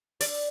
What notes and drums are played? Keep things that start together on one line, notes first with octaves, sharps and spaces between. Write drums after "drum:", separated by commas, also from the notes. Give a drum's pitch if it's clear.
D5, drum: open hi-hat